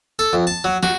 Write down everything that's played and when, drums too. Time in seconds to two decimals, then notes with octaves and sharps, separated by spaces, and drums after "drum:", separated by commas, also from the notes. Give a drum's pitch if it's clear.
0.19 A4
0.33 F2
0.47 A5
0.64 F#3
0.83 F#4, drum: snare